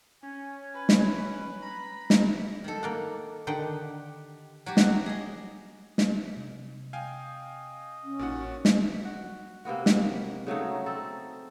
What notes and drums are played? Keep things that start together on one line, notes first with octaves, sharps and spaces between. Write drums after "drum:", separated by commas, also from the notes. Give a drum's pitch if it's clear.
C#4 G#5
B4
drum: snare
A#5 B5
drum: snare
D#3 A4
A#3 D5 F#5
D3 D#3 G4 F#5 G5
F#3 F#4 G4
drum: snare
G#4 D#5
drum: snare
C3
D#5 F5 G5 G#5
C#4
A1 A#2 D#4 F#4 F#5
drum: snare
F#4
C3 A#3 B3 F#4
drum: snare
C#3 F#3 A3 D#4
C4 A4